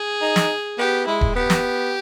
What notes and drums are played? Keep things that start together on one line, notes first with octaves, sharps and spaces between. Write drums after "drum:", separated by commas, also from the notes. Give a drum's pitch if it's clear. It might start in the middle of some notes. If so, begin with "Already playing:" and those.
Already playing: G#4
D#4
drum: snare
B3 G4
G#3 E4
drum: kick D#1
B3 G4
drum: snare